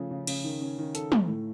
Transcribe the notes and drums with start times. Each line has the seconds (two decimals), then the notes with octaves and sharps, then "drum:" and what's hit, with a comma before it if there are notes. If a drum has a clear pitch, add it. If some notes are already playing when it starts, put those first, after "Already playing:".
Already playing: C#3 F3 A3
0.11 C#3
0.27 C#3, drum: cymbal
0.44 D#3
0.61 C#4
0.78 D#3
0.95 A4, drum: hi-hat
1.12 A3, drum: tom
1.28 A2